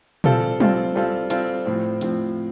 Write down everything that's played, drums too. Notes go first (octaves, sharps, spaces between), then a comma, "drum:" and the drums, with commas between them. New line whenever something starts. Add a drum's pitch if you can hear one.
G3 C4 F4 A4, drum: tom
G3 C4 F4 A4, drum: tom
G3 C4 F4 A4
G3 C4 F4 A4, drum: hi-hat
A2 F3 C4
A2 F3 C4, drum: hi-hat